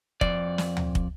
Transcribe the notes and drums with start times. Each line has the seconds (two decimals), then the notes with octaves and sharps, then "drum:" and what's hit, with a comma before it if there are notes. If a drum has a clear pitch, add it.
0.21 F2 D5, drum: kick
0.58 drum: snare
0.77 drum: tom D2
0.95 drum: kick